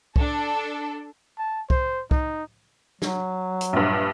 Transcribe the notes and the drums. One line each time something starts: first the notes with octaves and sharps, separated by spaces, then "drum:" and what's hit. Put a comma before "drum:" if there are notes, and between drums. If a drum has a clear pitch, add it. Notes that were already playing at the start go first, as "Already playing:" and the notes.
D4 A4, drum: kick C2
A5
C5, drum: kick C2
D#4, drum: kick C2
F#3, drum: snare
drum: hi-hat
A#1 G2